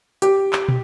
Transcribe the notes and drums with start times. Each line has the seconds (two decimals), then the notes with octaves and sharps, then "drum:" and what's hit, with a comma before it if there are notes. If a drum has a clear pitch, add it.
0.22 G4, drum: hi-hat
0.53 drum: clap
0.68 drum: tom